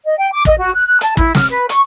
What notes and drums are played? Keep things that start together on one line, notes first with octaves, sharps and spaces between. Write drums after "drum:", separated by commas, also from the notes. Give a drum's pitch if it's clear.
D#5
G5
D6
D#5, drum: kick
F#4
F#6
F#6
A5, drum: hi-hat
E4, drum: kick
F6, drum: snare
B4
C#6, drum: hi-hat